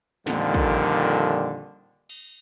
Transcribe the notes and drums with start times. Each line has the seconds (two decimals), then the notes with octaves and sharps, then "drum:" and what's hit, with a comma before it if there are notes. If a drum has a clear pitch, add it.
0.26 F2 A#2 D3 D#3 G3, drum: snare
0.54 drum: kick
2.09 drum: cymbal